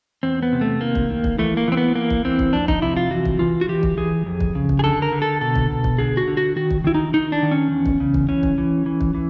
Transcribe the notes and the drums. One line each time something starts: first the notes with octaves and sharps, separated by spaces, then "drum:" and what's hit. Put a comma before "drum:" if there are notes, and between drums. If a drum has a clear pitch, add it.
E2 C4
B3
C3
A3
D#3 A#3
drum: kick
D#3
drum: kick
E3 A3
A#3
E3 C4
B3
E3 A#3
drum: kick
E3 C4
drum: kick
F2 D4
D#4, drum: kick
C3 E4
F4
E3 F#4
drum: kick
E3 F4
F#4
E3 G4
drum: kick
E3 G#4
F2
drum: kick
C#3
drum: kick
G#4
D3 A4
A#4
D3
A4
B2 A4
drum: kick
B2
drum: kick
D3 G#4
F#4
D3
F#4
D#3 F#4
drum: kick
D#3 E4
D#4
D#3 D#4
D4
D#3
C#4
E2
drum: kick
C#3
drum: kick
E3 C#4
drum: kick
E3
E3
drum: kick
E3